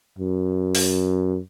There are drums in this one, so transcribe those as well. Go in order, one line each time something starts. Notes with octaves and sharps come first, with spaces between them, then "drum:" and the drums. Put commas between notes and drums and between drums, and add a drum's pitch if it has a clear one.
F#2
drum: open hi-hat